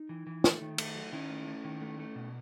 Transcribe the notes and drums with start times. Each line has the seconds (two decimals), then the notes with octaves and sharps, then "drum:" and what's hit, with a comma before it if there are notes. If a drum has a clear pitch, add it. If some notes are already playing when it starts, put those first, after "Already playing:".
Already playing: D#4
0.09 E3
0.27 E3
0.44 A3, drum: snare
0.62 D#3
0.78 A3, drum: cymbal
0.95 F#3
1.13 D#3 C#4 E4
1.30 A3
1.47 A3
1.64 D#3
1.81 A3
1.99 A3
2.16 B2